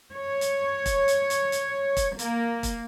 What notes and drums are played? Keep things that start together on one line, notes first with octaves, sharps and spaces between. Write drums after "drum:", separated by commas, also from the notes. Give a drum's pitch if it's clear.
C#5
drum: hi-hat
drum: kick E1, hi-hat
drum: hi-hat
drum: hi-hat
drum: hi-hat
drum: kick E1, hi-hat
A#3, drum: hi-hat
drum: kick E1, hi-hat